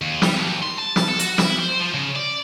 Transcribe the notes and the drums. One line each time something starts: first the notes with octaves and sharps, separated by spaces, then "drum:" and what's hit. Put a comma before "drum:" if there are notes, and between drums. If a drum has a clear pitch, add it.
D#2
G3, drum: snare
D#2
C6
A5
drum: snare
A4
F#4, drum: hi-hat
E4, drum: snare
C5
F3
C#3
D5